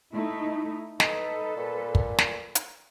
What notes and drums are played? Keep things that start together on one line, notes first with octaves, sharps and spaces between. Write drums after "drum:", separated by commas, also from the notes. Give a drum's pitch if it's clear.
A3 D#4 E4
D#4 A4 B4, drum: snare
A#2
drum: kick
drum: snare
drum: hi-hat